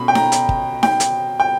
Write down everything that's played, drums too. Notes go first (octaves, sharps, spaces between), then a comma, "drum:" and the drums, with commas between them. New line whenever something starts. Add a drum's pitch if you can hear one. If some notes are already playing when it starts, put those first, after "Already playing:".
Already playing: B2 C#4 B5
G5
A#5, drum: snare D#4
drum: hi-hat
drum: kick
G5, drum: snare D#4
drum: hi-hat
G5